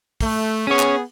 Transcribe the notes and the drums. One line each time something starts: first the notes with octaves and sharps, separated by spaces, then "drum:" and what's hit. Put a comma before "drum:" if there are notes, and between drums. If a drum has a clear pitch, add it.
A3, drum: kick, open hi-hat
B3 C#4 G#4 C#5
drum: clap